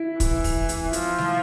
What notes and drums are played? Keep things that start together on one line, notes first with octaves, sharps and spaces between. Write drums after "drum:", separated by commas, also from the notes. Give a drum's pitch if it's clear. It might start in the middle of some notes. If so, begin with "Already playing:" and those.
Already playing: E4
E3, drum: kick, hi-hat
drum: kick, open hi-hat
drum: hi-hat
F3, drum: hi-hat
drum: snare G3